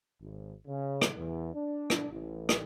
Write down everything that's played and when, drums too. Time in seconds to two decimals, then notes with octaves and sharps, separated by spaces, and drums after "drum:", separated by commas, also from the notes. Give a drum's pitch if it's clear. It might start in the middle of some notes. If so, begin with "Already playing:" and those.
0.21 G#1
0.67 C#3
1.02 drum: rim click
1.16 E2
1.54 D4
1.90 drum: rim click
2.10 A1
2.49 drum: rim click